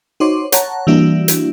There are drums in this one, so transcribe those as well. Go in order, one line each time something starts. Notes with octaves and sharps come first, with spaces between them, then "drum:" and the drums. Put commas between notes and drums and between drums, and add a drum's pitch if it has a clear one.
D#4 F#4 C5 C#5 C6 D6
C#5 F#5 A5 A#5, drum: hi-hat
E3 G3 A#3 D4 E4 F#4
drum: hi-hat